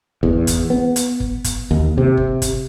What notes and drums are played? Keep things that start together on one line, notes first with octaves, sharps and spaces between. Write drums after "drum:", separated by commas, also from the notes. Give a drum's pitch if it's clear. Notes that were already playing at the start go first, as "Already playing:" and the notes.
E2, drum: kick G1
drum: kick G1, hi-hat
B3
drum: hi-hat
drum: kick G1
drum: kick G1, hi-hat
D#2
C3
drum: kick G1
drum: kick G1, hi-hat